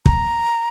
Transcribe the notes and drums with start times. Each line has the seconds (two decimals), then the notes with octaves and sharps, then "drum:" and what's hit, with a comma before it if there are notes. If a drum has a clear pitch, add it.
0.06 A#5, drum: kick